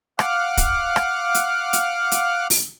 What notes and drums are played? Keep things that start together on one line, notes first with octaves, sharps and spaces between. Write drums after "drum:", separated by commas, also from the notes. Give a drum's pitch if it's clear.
F5 F#5 D6 F6 F#6, drum: rim click
drum: kick, hi-hat
drum: rim click
drum: hi-hat
drum: hi-hat
drum: hi-hat
drum: open hi-hat